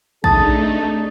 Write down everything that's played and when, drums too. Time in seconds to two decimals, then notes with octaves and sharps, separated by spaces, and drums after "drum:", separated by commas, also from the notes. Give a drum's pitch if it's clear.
0.24 C3 A3 D4 D#4 G#4 A5 D#6 A6, drum: kick